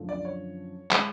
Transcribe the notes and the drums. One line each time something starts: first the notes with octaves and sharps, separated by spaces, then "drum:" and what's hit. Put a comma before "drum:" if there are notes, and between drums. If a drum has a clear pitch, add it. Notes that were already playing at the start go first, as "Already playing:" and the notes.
Already playing: F#2 D3 F3 A3
D5
C#5
E3 G#3, drum: clap